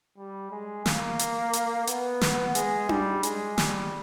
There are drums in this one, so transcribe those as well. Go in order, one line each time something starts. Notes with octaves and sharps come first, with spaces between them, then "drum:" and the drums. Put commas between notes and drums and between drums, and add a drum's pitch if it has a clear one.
G3
G#3
A#3, drum: snare
drum: hi-hat
drum: hi-hat
B3, drum: hi-hat
drum: snare
G#3, drum: hi-hat
G3, drum: tom D4
G#3, drum: hi-hat
G3, drum: snare